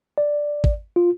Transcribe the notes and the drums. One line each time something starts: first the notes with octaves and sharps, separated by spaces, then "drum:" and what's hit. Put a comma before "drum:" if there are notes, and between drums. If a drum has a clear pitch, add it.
D5
drum: kick
F4